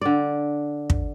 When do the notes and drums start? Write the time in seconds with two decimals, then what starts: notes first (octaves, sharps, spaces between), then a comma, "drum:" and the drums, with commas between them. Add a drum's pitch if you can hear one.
0.01 D3 D5
0.90 drum: kick